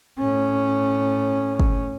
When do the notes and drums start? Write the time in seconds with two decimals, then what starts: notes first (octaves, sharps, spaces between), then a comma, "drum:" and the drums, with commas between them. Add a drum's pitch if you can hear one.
0.18 A2 C#4
1.60 drum: kick